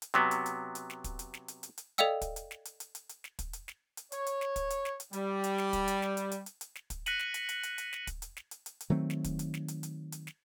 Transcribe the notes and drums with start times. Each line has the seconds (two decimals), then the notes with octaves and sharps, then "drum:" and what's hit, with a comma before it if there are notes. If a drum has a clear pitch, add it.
0.02 drum: hi-hat
0.14 C3 F#3 B3, drum: snare
0.31 drum: hi-hat
0.46 drum: hi-hat
0.75 drum: hi-hat
0.90 drum: snare
1.04 drum: kick, hi-hat
1.19 drum: hi-hat
1.34 drum: snare
1.48 drum: hi-hat
1.63 drum: hi-hat
1.78 drum: hi-hat
1.98 A4 D5 D#5 F5 G5 E6
2.21 drum: kick, hi-hat
2.36 drum: hi-hat
2.51 drum: snare
2.65 drum: hi-hat
2.80 drum: hi-hat
2.95 drum: hi-hat
3.09 drum: hi-hat
3.24 drum: snare
3.39 drum: kick, hi-hat
3.53 drum: hi-hat
3.68 drum: snare
3.97 drum: hi-hat
4.12 C#5, drum: hi-hat
4.26 drum: hi-hat
4.41 drum: snare
4.56 drum: kick, hi-hat
4.70 drum: hi-hat
4.85 drum: snare
5.00 drum: hi-hat
5.13 G3, drum: hi-hat
5.44 drum: hi-hat
5.58 drum: snare
5.73 drum: kick, hi-hat
5.88 drum: hi-hat
6.02 drum: snare
6.17 drum: hi-hat
6.32 drum: hi-hat
6.46 drum: hi-hat
6.61 drum: hi-hat
6.75 drum: snare
6.90 drum: kick, hi-hat
7.06 F#6 A#6 B6 C#7 D#7 F#7, drum: hi-hat
7.19 drum: snare
7.34 drum: hi-hat
7.49 drum: hi-hat
7.63 drum: hi-hat
7.78 drum: hi-hat
7.93 drum: snare
8.07 drum: kick, hi-hat
8.22 drum: hi-hat
8.37 drum: snare
8.51 drum: hi-hat
8.66 drum: hi-hat
8.80 drum: hi-hat
8.90 D#3 F#3 A3 C4
9.10 drum: snare
9.24 drum: kick, hi-hat
9.39 drum: hi-hat
9.54 drum: snare
9.68 drum: hi-hat
9.83 drum: hi-hat
10.12 drum: hi-hat
10.27 drum: snare